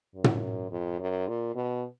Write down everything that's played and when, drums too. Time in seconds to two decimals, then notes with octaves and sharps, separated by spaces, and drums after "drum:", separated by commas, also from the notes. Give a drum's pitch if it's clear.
0.15 F#2
0.24 drum: tom
0.71 F2
1.00 F#2
1.28 A#2
1.55 B2